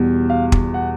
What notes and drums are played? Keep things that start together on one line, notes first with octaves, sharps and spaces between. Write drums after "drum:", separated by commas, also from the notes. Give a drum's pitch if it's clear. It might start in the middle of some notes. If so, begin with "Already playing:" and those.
Already playing: E2 B2 G3
F5
drum: kick
F#5